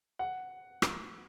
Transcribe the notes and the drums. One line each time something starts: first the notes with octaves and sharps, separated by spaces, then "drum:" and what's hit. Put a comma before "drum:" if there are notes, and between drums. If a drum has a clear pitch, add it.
F#5
drum: rim click